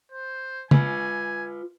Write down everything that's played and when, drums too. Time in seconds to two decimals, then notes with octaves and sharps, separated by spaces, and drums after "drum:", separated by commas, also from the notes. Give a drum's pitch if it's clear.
0.12 C5
0.71 F4 B4 G#5, drum: tom